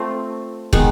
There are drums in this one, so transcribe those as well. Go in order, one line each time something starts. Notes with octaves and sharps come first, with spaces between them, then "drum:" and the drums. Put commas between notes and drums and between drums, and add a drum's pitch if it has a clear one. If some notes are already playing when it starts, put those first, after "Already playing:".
Already playing: A3 C4 F4
D#3 G#3 B3, drum: kick